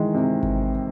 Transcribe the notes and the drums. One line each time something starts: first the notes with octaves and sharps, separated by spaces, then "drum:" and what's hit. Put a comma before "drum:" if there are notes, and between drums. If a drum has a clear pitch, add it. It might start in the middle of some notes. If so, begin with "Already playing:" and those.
Already playing: D#3 E3 G#3
C3
drum: kick G#1